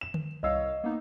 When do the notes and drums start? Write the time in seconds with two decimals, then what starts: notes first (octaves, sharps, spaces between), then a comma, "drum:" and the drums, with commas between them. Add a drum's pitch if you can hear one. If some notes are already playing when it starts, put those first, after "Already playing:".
0.01 E7
0.14 drum: tom D3
0.43 C2 C#5 D#5 F5 E6
0.84 A#3 B3 D#4